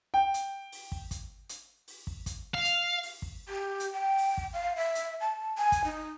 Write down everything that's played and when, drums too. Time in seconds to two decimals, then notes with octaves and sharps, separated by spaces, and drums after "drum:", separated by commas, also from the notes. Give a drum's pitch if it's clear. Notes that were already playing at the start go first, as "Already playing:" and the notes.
0.14 G5
0.34 drum: hi-hat
0.72 drum: open hi-hat
0.92 drum: kick
1.11 drum: kick, hi-hat
1.49 drum: hi-hat
1.88 drum: open hi-hat
2.07 drum: kick
2.26 drum: kick, hi-hat
2.54 F5
2.65 drum: hi-hat
3.03 drum: open hi-hat
3.22 drum: kick
3.49 G4
3.80 drum: hi-hat
3.93 G5
4.18 drum: open hi-hat
4.38 drum: kick
4.54 F5
4.76 E5
4.95 drum: hi-hat
5.21 A5
5.58 G#5
5.72 drum: kick, hi-hat
5.85 D#4